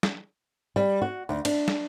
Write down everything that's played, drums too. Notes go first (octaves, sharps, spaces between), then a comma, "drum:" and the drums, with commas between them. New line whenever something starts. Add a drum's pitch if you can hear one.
drum: snare
G3
F#4
D2
D4, drum: cymbal
drum: snare